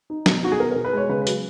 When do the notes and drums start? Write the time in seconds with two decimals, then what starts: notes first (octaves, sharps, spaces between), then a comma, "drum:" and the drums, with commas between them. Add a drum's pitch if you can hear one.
0.10 D#4
0.26 B2, drum: snare
0.43 D#4 F#4
0.52 G#4
0.60 B2 A#4
0.71 B2 A#4
0.85 B4
0.93 G#3 C#5
1.09 C#3 B4
1.22 B4
1.27 F#3, drum: hi-hat